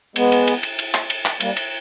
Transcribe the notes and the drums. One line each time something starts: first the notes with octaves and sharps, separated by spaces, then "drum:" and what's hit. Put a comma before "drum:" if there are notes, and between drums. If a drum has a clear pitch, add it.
G#3 B3, drum: cymbal
drum: cymbal
drum: cymbal
drum: cymbal
drum: cymbal
drum: clap
drum: cymbal
drum: clap
G3 A#3, drum: cymbal
drum: cymbal